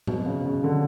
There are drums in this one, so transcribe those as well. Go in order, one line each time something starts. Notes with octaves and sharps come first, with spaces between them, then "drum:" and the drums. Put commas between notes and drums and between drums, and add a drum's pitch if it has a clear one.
B2, drum: tom A2
C#3
C#3
D3